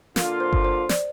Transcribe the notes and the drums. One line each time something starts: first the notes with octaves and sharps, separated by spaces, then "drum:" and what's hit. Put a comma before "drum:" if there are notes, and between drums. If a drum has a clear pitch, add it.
D3 A#3 F4 A#4, drum: snare
C5
drum: kick G1
C5
D5, drum: snare